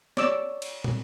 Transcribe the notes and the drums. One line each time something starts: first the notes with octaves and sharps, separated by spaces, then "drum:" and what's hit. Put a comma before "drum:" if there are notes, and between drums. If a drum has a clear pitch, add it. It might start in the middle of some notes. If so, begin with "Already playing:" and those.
C#5 D5 D6 E6, drum: snare
drum: cymbal
drum: tom